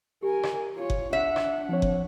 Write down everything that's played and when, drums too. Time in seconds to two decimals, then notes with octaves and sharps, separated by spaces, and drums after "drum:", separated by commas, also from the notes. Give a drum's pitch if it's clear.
0.23 G4 A#4 G#5
0.43 drum: rim click
0.76 F4 C#5
0.90 drum: kick F#1
1.13 D4 E5 F#5
1.36 drum: rim click
1.69 F3 C4 C#5
1.82 drum: kick F#1